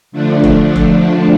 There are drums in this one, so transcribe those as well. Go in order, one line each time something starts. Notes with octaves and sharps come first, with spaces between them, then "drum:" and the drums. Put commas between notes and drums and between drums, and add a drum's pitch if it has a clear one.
D3 F3 A3 D4
drum: kick E1
drum: kick E1